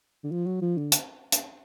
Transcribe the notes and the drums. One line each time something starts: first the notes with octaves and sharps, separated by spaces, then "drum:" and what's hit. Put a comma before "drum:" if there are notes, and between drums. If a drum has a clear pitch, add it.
D3
F3
F#3
F3
D3
drum: hi-hat
drum: hi-hat